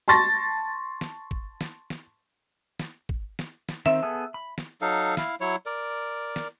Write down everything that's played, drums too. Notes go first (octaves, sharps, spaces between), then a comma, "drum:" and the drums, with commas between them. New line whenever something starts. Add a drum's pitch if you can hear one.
A5 C6 C#6 A6 A#6
drum: snare
drum: kick
drum: snare
drum: snare
drum: snare
drum: kick
drum: snare
drum: snare
D#3 C4 E5
B3 G#4 A4
B5
drum: snare
F#3 D#4 A4 F5
E4 F5, drum: snare
F#3 E4 C#5
A#4 D5
drum: snare